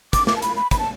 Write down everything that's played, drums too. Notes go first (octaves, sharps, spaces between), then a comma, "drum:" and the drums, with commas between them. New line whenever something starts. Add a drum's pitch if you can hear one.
D6, drum: kick, hi-hat
D6, drum: snare
A5
B5, drum: hi-hat
B5
B5, drum: kick, hi-hat
A5